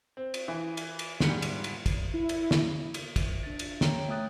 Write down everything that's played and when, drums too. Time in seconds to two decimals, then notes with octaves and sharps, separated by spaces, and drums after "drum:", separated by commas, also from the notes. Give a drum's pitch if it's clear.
0.17 C4
0.34 drum: cymbal
0.48 E3
0.77 drum: cymbal
0.99 drum: cymbal
1.20 G#2 G3 C#7, drum: snare
1.42 drum: cymbal
1.64 drum: cymbal
1.86 drum: kick, cymbal
2.14 E4
2.29 drum: cymbal
2.51 drum: snare
2.94 drum: cymbal
3.16 drum: kick, cymbal
3.43 D4 A6
3.59 drum: cymbal
3.81 C#5 G5 A#5, drum: snare
4.09 A3 E5 G5 D#6 F#6 A6